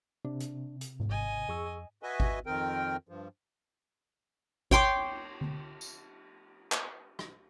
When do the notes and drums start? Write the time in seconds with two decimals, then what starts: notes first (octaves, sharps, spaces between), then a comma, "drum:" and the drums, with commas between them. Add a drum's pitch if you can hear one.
0.25 C3 D4
0.40 drum: hi-hat
0.81 drum: hi-hat
1.00 drum: tom G#2
1.09 G#1 D#5 G#5
1.49 F2 G#4 C#6 E6
2.03 F#4 B4 D#5 E5 G#5
2.20 drum: kick G#1
2.46 F2 D#3 C4 A#4 G5
3.09 G2 F3
4.71 C#5 G5 C6 D6, drum: kick G#1
4.95 drum: cymbal
5.41 drum: tom D3
5.81 drum: tambourine
6.72 drum: clap
7.19 drum: rim click